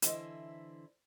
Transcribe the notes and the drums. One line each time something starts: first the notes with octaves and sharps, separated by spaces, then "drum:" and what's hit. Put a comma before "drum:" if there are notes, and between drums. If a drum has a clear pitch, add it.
D3 E3 E4 C5 D#5 E5, drum: hi-hat